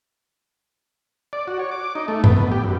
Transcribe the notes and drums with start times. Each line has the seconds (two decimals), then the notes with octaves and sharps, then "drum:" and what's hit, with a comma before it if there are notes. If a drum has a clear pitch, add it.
1.33 D5
1.47 F#4
1.59 C#5
1.71 D6
1.95 D#4
2.08 A3
2.24 B3, drum: tom G2
2.37 B3
2.52 G4
2.64 F#2